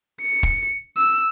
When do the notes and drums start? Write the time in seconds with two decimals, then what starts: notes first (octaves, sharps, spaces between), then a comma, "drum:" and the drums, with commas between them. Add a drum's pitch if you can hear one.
0.22 C#7
0.43 drum: kick
0.97 E6